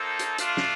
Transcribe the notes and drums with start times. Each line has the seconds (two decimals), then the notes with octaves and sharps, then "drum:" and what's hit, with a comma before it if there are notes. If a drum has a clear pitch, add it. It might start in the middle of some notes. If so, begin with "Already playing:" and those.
Already playing: A#3 D#4 A4 C5
0.19 drum: hi-hat
0.38 A3 D4 F4, drum: hi-hat
0.57 drum: snare